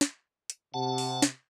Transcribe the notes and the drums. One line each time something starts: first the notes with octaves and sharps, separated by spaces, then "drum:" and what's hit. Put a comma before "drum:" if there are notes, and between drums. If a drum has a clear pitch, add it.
drum: snare
drum: hi-hat
C3 F#5 A5
drum: open hi-hat
drum: snare